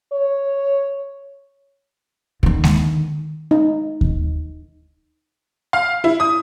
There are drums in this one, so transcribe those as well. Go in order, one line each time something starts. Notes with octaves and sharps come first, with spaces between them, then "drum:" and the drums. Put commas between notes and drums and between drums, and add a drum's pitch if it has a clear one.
C#5
D3 D#3, drum: kick D#2
drum: snare G#3
D#4
drum: kick D#2
F5
E4
D#6